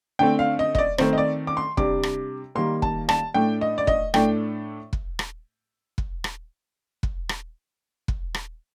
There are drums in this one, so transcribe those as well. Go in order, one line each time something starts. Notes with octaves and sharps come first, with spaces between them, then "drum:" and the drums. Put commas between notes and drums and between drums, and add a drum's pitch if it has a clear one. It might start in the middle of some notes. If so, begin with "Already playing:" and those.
D3 A3 C4 G5
F5
D#5
D#5, drum: kick
D5
D#3 A3 C4 C5, drum: rim click
D#5
D5
D6
C6
C3 G3 D4 D6, drum: kick
drum: rim click
D#3 G3 A#3 C6
A5, drum: kick
A5, drum: rim click
A2 A3 D4 G5
D#5
D5
D#5, drum: kick
A2 A3 D4 G5, drum: rim click
drum: kick
drum: rim click
drum: kick
drum: rim click
drum: kick
drum: rim click
drum: kick
drum: rim click